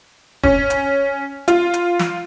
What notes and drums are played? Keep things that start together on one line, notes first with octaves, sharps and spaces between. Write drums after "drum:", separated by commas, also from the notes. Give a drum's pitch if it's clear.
C#4, drum: kick E1
drum: hi-hat
F4, drum: hi-hat
drum: hi-hat
drum: snare